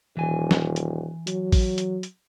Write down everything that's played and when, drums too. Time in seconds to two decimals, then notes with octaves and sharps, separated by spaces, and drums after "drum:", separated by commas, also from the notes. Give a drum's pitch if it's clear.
0.17 D#1 E3 G#5
0.51 drum: snare
0.76 drum: hi-hat
1.27 F#3, drum: hi-hat
1.52 drum: kick A1, open hi-hat
1.78 drum: hi-hat
2.03 drum: hi-hat